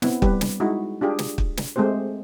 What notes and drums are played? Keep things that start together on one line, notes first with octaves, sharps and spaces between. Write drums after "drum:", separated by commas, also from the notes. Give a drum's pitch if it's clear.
B3 C4 E4, drum: snare
G3 G4 B4, drum: kick
drum: snare
G#3 D#4 E4 F#4
D4 F4 G4 G#4
drum: snare
drum: kick
drum: snare
G#3 A3 C4 G4 C5